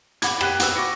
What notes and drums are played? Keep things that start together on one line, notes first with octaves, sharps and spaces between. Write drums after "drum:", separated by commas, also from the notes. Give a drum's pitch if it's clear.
F#5 B5 D6 G#6, drum: hi-hat
G4 F#6 D#7, drum: rim click
F#4 B4 E6, drum: hi-hat
C#6 D6 A#6 C#7